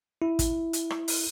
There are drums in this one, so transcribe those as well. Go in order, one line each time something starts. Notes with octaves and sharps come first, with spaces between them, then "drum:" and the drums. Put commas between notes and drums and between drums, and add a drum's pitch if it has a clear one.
E4
drum: kick, hi-hat
drum: hi-hat
drum: rim click
drum: open hi-hat